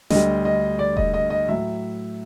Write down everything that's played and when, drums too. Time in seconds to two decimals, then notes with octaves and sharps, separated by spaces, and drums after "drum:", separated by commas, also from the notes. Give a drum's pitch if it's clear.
0.10 D2 D3 G3 D#5, drum: snare
0.45 D#5
0.79 D5
0.97 D#5, drum: kick E1
1.14 D#5
1.30 D#5
1.49 A2 F#3 E5